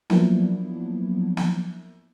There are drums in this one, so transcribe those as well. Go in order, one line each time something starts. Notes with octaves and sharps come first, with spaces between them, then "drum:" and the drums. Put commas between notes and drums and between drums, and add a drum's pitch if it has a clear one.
F3 F#3 A#3 B3 D4 E4, drum: snare
drum: snare